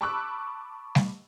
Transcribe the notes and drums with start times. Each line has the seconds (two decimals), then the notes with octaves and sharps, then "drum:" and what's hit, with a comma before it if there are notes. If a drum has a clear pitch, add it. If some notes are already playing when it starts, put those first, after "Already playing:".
0.01 A5 B5 C#6 D6 E6 F#6
0.95 drum: snare